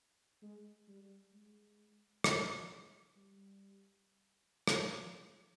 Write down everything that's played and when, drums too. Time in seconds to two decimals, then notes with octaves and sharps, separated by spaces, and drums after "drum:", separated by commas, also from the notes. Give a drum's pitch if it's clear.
0.42 G#3
0.87 G3
1.33 G#3
2.24 drum: rim click
3.16 G3
4.67 drum: rim click
4.98 F3